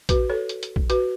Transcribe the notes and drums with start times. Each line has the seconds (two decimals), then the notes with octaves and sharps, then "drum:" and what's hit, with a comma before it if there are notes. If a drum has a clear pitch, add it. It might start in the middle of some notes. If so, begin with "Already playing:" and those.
0.09 F#4 B4, drum: kick A#1, hi-hat
0.30 A4 C#5
0.49 drum: hi-hat
0.63 drum: hi-hat
0.76 drum: kick A#1
0.90 F#4 B4, drum: hi-hat